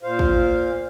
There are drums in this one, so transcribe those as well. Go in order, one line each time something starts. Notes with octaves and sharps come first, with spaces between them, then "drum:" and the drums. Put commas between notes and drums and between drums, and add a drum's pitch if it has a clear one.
A#2 C5 F5
drum: kick